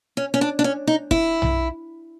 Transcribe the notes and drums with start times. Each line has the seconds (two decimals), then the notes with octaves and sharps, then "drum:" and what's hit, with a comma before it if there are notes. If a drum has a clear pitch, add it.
0.17 C#4
0.34 C#4
0.41 D4
0.59 D4
0.64 C#4
0.87 D#4
1.11 E4, drum: kick
1.42 drum: tom B1